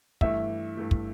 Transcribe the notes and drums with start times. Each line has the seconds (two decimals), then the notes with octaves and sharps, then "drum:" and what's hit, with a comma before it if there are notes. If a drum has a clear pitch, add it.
0.21 G2 E3 A3 E5, drum: kick
0.77 G2 E3 A3
0.91 drum: kick